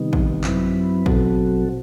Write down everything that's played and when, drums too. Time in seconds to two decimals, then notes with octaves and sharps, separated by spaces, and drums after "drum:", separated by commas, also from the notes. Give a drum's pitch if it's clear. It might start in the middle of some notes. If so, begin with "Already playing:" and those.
Already playing: C3 D#3 G3 B3 D#4
0.13 drum: kick
0.44 F#2 F#3 C4 E4 B4, drum: clap
1.06 B2 F#3 C4 F#4 A4, drum: kick